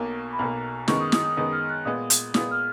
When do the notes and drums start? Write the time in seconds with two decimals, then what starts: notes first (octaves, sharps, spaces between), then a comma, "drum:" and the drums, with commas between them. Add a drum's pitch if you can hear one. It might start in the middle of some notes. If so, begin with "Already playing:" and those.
Already playing: B1 B2 A#3 A#5
0.33 B5
0.39 B1 B2 A#3 A#5
0.88 F#2 D#3 G#3 B3 C#6, drum: snare
1.00 D#6
1.12 D#6, drum: snare
1.25 D#6
1.37 F#2 D#3 G#3 B3 D#6
1.52 F6
1.69 F#6
1.85 A#2 G#3 B3 D#6
2.10 drum: hi-hat
2.34 A#2 G#3 B3 D#6, drum: snare
2.51 F6